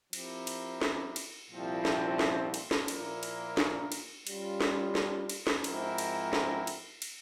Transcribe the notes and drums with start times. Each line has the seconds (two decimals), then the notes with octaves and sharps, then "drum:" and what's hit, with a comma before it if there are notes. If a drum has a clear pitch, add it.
0.13 F3 C4 E4 G4 A#4, drum: cymbal
0.47 drum: cymbal
0.82 drum: snare
1.16 drum: cymbal
1.51 C2 A#2 F3 C4 E4
1.85 drum: snare
2.19 drum: snare
2.54 drum: cymbal
2.71 drum: snare
2.88 A#2 F3 A#3 E4 A#4, drum: cymbal
3.23 drum: cymbal
3.57 drum: snare
3.92 drum: cymbal
4.27 G3 C#4 F4, drum: cymbal
4.61 drum: snare
4.95 drum: snare
5.29 drum: cymbal
5.47 drum: snare
5.64 G#2 F3 C4 E4 A#4, drum: cymbal
5.98 drum: cymbal
6.33 drum: snare
6.67 drum: cymbal
7.02 drum: cymbal